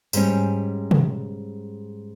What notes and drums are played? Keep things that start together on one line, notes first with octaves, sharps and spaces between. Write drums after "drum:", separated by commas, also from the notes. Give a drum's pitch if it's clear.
G#2 G3 C#4, drum: tambourine
drum: tom